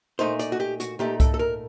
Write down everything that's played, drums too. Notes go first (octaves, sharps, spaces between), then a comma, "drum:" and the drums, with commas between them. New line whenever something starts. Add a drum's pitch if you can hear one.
A#2 A3 D#4 C5
D5, drum: hi-hat
F#4
G4
F#4, drum: hi-hat
A#2 A3 D#4 G4
A4, drum: kick C2, hi-hat
A4
A#4